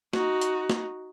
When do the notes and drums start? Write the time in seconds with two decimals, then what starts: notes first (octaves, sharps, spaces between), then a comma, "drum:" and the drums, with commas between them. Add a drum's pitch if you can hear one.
0.13 D#4 F#4, drum: snare
0.41 drum: hi-hat
0.70 drum: snare